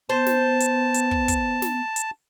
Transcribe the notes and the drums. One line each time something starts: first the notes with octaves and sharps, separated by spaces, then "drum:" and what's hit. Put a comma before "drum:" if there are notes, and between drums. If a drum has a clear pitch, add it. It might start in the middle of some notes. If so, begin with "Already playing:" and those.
B3 C5 A5
drum: snare
drum: hi-hat
drum: hi-hat
drum: kick
drum: kick, hi-hat
drum: snare
drum: hi-hat